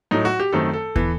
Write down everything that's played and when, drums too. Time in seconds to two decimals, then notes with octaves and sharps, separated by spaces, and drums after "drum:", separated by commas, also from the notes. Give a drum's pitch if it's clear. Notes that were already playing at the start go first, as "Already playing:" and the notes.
0.11 A2 F#3 A3 D#4
0.25 F#4
0.40 G4
0.53 F#2 D#3 A3 C4 A4
0.73 A4
0.96 E3 B3, drum: kick D#2